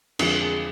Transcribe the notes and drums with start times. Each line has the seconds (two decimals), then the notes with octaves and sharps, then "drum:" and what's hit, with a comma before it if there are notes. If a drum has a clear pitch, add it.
0.19 F2 D3 G#3 F4, drum: cymbal
0.42 G#4